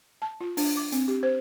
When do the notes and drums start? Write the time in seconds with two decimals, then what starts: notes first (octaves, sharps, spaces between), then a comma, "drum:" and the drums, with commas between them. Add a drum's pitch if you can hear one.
0.22 A5
0.41 F4
0.57 D4, drum: open hi-hat
0.77 D6
0.92 C4, drum: hi-hat
1.08 G4
1.23 C5